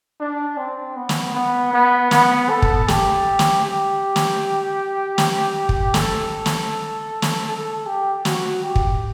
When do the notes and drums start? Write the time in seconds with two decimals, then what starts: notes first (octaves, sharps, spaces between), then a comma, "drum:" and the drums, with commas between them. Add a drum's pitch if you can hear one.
0.20 D4
0.57 C4
0.96 B3
1.09 drum: snare
1.35 B3
1.74 B3
2.11 B3, drum: snare
2.49 A4
2.62 drum: kick
2.88 G4, drum: snare
3.39 drum: snare
3.65 G4
4.16 drum: snare
5.18 drum: snare
5.69 drum: kick
5.94 A4, drum: snare
6.46 drum: snare
7.22 drum: snare
7.47 A4
7.86 G4
8.25 F#4, drum: snare
8.63 G4
8.76 drum: kick